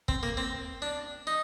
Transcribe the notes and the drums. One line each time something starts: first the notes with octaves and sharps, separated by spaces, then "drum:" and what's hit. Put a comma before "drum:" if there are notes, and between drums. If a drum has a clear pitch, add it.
C4, drum: kick
A#3
C4
D4
D#4